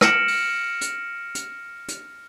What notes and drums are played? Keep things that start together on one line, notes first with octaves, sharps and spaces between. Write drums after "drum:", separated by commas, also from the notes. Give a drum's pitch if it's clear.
F6 A#6 C#7 D7 E7 F#7, drum: rim click
drum: open hi-hat
drum: hi-hat
drum: hi-hat
drum: hi-hat